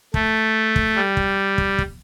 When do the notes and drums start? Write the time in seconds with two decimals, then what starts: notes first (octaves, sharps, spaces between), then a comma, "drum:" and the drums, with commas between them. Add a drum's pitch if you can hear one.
0.14 A3, drum: kick
0.76 drum: kick
0.96 G3
1.17 drum: kick
1.58 drum: kick
1.79 drum: kick